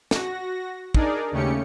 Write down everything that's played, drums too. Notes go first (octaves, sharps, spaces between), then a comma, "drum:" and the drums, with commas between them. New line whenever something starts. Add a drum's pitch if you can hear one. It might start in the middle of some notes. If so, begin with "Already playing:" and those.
F#4 A#6, drum: snare
D4 D#4 G#4 A#4 D5, drum: kick
D#2 C#3 A3 C#4 G4 C#7